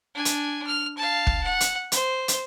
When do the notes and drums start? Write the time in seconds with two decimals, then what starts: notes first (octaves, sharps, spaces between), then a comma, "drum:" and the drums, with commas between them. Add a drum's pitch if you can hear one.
0.14 D4 G#5
0.25 drum: hi-hat
0.67 F6
0.97 F5 A5
1.27 drum: kick
1.44 F#5
1.60 drum: hi-hat
1.92 C5, drum: hi-hat
2.28 drum: hi-hat